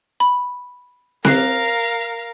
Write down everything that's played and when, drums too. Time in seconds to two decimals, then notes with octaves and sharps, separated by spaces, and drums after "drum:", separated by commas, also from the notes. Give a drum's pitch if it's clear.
0.20 B5
1.25 A#4 F5 F#6 C7, drum: snare C4